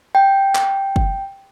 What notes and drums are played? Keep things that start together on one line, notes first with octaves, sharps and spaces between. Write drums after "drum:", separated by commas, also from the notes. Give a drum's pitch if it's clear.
G5
drum: clap
drum: kick